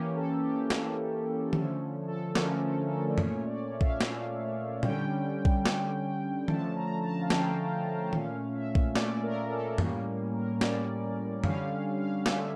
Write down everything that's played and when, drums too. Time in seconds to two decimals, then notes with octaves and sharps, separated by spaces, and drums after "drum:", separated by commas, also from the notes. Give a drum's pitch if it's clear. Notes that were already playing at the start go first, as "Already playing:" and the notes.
Already playing: E3 A#3 C#4 G4
0.15 A4
0.43 G4
0.70 E3 A#3 C#4, drum: snare
1.53 D3 F3 A3 C#4 A4, drum: tom D#3
2.08 A4
2.35 D3 F3 A3 C#4 A#4, drum: snare
2.63 A4
2.91 A4
3.09 D5
3.18 A#2 A3 C#4 C#5, drum: tom F#2
3.46 D5
3.73 E5
3.81 F5, drum: kick B1
3.89 E5
4.01 A#2 A3 C#4 F5, drum: snare
4.83 D3 G3 C#4 G5, drum: tom A#2
5.45 drum: kick B1
5.66 D3 G3 C#4, drum: snare
6.48 D3 F3 A3 C#4 A5, drum: tom D#3
6.76 A#5
7.03 A5
7.22 F5
7.30 D3 F3 A3 C#4 G5, drum: snare
8.13 A#2 A3 C#4 F5, drum: tom D#3
8.55 E5
8.75 drum: kick B1
8.96 A#2 A3 C#4 D5, drum: snare
9.23 A#4
9.51 A4
9.78 A2 G3 A#3 C#4, drum: tom F#2
10.33 A#4
10.61 A2 G3 A#3 C#4 D5, drum: snare
11.44 D3 G3 C#4 F5, drum: tom F#2
11.99 F5
12.26 D3 G3 C#4 E5, drum: snare